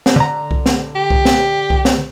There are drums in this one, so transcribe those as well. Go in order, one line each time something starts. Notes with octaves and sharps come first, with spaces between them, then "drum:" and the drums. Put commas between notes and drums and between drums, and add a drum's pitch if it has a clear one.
drum: snare
D3 A#5
drum: kick C2
drum: snare
G4
drum: kick C2
drum: snare
drum: kick C2
drum: snare